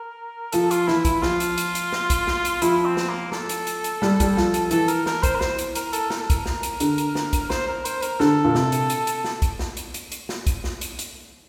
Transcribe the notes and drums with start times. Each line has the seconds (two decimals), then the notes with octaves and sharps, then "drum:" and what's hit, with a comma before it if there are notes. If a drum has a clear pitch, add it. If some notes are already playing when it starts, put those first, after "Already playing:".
Already playing: A#4
0.52 F3 A4, drum: hi-hat
0.71 F4, drum: hi-hat
0.88 E3 E4, drum: snare
1.05 E4, drum: kick, hi-hat
1.23 F3 F4, drum: snare
1.40 drum: hi-hat
1.58 drum: hi-hat
1.75 drum: hi-hat
1.92 drum: snare
2.10 drum: kick, hi-hat
2.27 drum: snare
2.45 drum: hi-hat
2.62 F3 E4, drum: hi-hat
2.85 C4
2.97 drum: snare
3.09 A#3
3.32 A4, drum: snare
3.49 drum: hi-hat
3.67 drum: hi-hat
3.84 drum: hi-hat
4.02 G3, drum: snare
4.20 G3, drum: kick, hi-hat
4.37 F3, drum: snare
4.54 drum: hi-hat
4.71 E3 A4, drum: hi-hat
4.88 A#4, drum: hi-hat
5.06 A#4, drum: snare
5.23 C5, drum: kick, hi-hat
5.35 A#4
5.41 C5, drum: snare
5.59 drum: hi-hat
5.75 A#4, drum: hi-hat
5.93 A4, drum: hi-hat
6.10 A#4, drum: snare
6.20 A4
6.30 A#4, drum: kick, hi-hat
6.46 drum: snare
6.63 drum: hi-hat
6.80 D3, drum: hi-hat
6.98 drum: hi-hat
7.15 drum: snare
7.33 drum: kick, hi-hat
7.50 C5, drum: snare
7.68 A#4
7.85 C5, drum: hi-hat
8.02 A#4, drum: hi-hat
8.20 D3 A4, drum: snare
8.45 A#2
8.55 C3, drum: snare
8.72 drum: hi-hat
8.90 drum: hi-hat
9.07 drum: hi-hat
9.25 drum: snare
9.42 drum: kick, hi-hat
9.59 drum: snare
9.77 drum: hi-hat
9.94 drum: hi-hat
10.12 drum: hi-hat
10.29 drum: snare
10.47 drum: kick, hi-hat
10.64 drum: snare
10.81 drum: hi-hat
10.99 drum: hi-hat